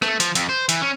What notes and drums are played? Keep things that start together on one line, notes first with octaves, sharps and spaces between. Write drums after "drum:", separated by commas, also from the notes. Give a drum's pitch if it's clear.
A3, drum: rim click
F3, drum: hi-hat
F2, drum: hi-hat
C5
E3, drum: hi-hat
C#4